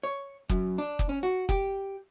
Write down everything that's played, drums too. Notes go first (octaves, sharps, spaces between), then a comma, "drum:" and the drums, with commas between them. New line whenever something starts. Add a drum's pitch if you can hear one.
C#5
F#2, drum: kick
D4
drum: kick
C#4
F#4
G4, drum: kick